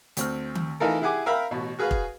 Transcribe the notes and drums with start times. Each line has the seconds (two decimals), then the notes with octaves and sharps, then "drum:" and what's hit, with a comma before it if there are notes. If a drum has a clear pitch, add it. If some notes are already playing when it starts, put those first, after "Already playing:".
0.17 D2 C4 F6, drum: hi-hat
0.55 drum: tom D#3
0.80 E3 A3 D#4 F4 A4 A#4
1.01 E4 G4 G#4 F#5 G#5 D6
1.26 A#4 E5 F5 G5 A#5 B5
1.51 A1 B2
1.79 F#4 G#4 B4 F5
1.91 drum: kick